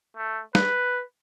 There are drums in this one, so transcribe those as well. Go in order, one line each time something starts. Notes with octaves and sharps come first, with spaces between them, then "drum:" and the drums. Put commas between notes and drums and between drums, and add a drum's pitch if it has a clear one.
A3
B4, drum: snare